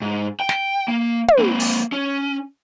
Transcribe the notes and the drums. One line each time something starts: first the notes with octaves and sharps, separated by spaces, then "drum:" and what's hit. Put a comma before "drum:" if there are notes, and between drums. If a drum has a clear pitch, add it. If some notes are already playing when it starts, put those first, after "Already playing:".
G#2
G5
drum: snare
A#3
drum: tom
A#3 C4
drum: open hi-hat
C#4